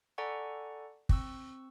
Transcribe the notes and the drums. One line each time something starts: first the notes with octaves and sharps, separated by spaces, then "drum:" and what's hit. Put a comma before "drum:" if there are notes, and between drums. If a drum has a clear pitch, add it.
A4 D5 F#5 G#5 A#5 C#6
C4 C#6 E6, drum: kick